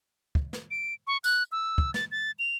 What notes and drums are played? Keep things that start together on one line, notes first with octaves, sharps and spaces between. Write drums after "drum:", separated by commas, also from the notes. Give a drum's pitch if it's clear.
drum: kick
drum: snare
D7
C#6
F#6, drum: tambourine
E6
drum: kick
A6, drum: snare
A6
F7